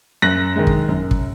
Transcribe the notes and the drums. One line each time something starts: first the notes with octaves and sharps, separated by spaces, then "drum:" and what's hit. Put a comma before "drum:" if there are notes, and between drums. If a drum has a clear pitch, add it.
F#2 F#6 A#6
D#3 G#3
drum: kick
F#2
drum: kick